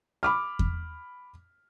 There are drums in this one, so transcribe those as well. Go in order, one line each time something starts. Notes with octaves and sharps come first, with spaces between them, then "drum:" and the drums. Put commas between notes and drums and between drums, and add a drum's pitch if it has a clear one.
B5 D6 F6
drum: kick E2